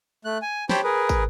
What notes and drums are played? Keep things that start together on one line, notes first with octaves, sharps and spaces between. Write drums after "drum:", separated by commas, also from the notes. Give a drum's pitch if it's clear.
A3 F#6
G#5
G4 C5 C#5 G5 A5 B5, drum: snare
G#4 A#4 B4
drum: kick, tambourine